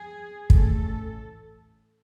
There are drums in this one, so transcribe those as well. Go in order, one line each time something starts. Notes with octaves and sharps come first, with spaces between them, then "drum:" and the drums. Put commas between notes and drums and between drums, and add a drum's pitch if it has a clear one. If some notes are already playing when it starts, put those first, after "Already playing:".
Already playing: G#4
A2 E3 A3 C#4 A4, drum: kick